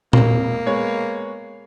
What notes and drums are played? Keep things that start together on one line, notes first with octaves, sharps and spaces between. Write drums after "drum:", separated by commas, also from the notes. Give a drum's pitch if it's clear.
E1 A#3, drum: tom A#2
G#3 B3 C#5